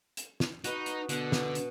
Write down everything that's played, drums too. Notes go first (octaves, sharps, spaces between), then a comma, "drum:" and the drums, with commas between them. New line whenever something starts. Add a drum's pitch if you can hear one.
drum: hi-hat
drum: snare
D#4 F#4 B4 D#5, drum: hi-hat
drum: hi-hat
B2 D3 F#5, drum: hi-hat
drum: snare
drum: hi-hat